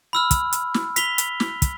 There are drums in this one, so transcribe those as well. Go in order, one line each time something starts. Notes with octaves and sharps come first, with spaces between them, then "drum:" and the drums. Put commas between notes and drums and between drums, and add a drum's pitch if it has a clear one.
B5 E6 F6
drum: kick, hi-hat
drum: hi-hat
drum: snare
B6 F7 G7, drum: hi-hat
drum: hi-hat
drum: snare
drum: kick, hi-hat